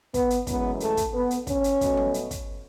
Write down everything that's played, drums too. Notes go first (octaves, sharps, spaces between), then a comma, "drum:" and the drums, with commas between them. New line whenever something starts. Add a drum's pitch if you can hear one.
B3, drum: kick, hi-hat
drum: hi-hat
F#2 E3 G#3 B3, drum: kick, hi-hat
A3, drum: hi-hat
drum: kick, hi-hat
B3
drum: hi-hat
C#4, drum: kick, hi-hat
drum: hi-hat
B2 F#3 A3, drum: kick, hi-hat
drum: tom G3
drum: hi-hat
drum: kick, hi-hat